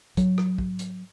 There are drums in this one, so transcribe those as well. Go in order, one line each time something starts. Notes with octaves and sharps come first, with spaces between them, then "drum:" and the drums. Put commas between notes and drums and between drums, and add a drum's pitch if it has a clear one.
F#3, drum: kick, hi-hat
drum: rim click
drum: kick
drum: hi-hat